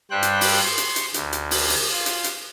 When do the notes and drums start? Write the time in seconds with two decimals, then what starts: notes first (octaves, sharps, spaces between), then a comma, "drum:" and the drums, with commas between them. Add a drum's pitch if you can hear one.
0.11 G2 G3 C5 G5 F#6
0.23 drum: hi-hat
0.41 drum: open hi-hat
0.63 C6 C#6
0.78 drum: hi-hat
0.96 drum: hi-hat
1.14 D2, drum: hi-hat
1.33 drum: hi-hat
1.51 drum: open hi-hat
1.69 drum: open hi-hat
1.91 F4
2.06 drum: hi-hat
2.24 drum: hi-hat